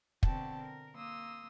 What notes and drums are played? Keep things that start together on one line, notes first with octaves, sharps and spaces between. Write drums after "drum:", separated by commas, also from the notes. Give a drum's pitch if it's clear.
B2 D3 C4 F#4 G5 A5, drum: kick
A#4
A#3 C6 D#6 E6